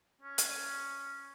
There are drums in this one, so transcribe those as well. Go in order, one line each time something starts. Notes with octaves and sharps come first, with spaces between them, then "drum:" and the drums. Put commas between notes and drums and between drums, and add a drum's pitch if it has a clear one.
C#4
drum: hi-hat